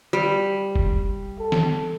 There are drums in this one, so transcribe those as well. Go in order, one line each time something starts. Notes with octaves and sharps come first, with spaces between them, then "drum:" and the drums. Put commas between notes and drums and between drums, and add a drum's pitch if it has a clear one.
G3
drum: kick F1
A4
drum: snare